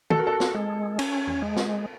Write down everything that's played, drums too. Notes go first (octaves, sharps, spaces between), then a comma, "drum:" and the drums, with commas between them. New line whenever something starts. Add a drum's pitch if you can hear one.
F#4 A4, drum: tom
A#4
A4
drum: snare
G#3
C#4, drum: cymbal
drum: tom E2
G#3
drum: snare